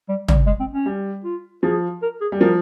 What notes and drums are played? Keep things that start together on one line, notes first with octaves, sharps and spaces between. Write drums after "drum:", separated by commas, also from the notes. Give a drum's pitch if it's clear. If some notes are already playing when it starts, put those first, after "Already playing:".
G3
G3, drum: tom
G#3
C4
C#4
G3
F4
F3 G#4
A#4
G#4
G3
F3 A#4